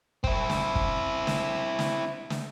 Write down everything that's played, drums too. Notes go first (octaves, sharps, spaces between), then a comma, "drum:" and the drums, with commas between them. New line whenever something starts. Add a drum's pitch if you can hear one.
C4 E4, drum: kick
drum: snare
drum: kick
drum: snare
drum: snare
drum: snare